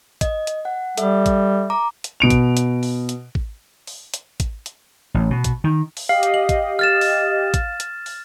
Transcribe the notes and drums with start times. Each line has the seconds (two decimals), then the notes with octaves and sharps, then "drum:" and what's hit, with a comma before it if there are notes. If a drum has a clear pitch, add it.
0.21 D#5, drum: kick, hi-hat
0.47 drum: hi-hat
0.65 F#5
0.98 G3 A4 E5, drum: hi-hat
1.26 drum: kick, hi-hat
1.70 A#5 D6
2.04 drum: hi-hat
2.20 B2 D7 F7
2.30 drum: kick, hi-hat
2.57 drum: hi-hat
2.83 drum: open hi-hat
3.09 drum: hi-hat
3.35 drum: kick
3.87 drum: open hi-hat
4.14 drum: hi-hat
4.40 drum: kick, hi-hat
4.66 drum: hi-hat
5.14 A1
5.31 B2
5.44 drum: kick, hi-hat
5.64 D#3
5.97 drum: open hi-hat
6.09 G4 D#5 F5
6.23 drum: hi-hat
6.34 F#7
6.49 drum: kick, hi-hat
6.79 F6 A6 E7
7.01 drum: open hi-hat
7.54 drum: kick, hi-hat
7.80 drum: hi-hat
8.06 drum: open hi-hat